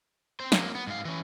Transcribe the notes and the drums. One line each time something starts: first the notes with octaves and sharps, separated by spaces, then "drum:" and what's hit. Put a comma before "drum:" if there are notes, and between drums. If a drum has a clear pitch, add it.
C4 C5
F#3 A#3, drum: snare
B3
G#2 F5
E3 C#4